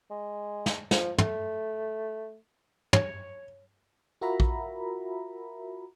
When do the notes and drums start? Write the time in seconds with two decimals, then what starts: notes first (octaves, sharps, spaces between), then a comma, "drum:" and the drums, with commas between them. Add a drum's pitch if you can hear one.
0.11 G#3
0.66 drum: snare
0.91 F3, drum: snare
1.18 A3, drum: tom
2.93 C#5, drum: tom
4.21 F4 F#4 A#4 E5 A#5 B5
4.40 drum: kick A#1